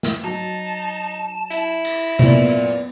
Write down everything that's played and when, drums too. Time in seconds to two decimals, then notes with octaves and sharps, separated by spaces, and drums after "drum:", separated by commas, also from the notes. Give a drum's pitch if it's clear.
0.03 drum: snare
0.24 F#3 D#4 A5
1.51 E4, drum: hi-hat
1.85 drum: cymbal
2.19 F#1 A#2 B3 A#4 D5, drum: tom C3